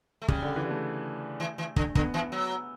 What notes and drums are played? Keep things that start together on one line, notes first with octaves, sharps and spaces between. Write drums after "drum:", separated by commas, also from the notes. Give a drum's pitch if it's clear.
A3
C#3 G3, drum: kick
D3
E3
A3
E3
E3
D3, drum: kick
D3 B3, drum: kick
E3
F#3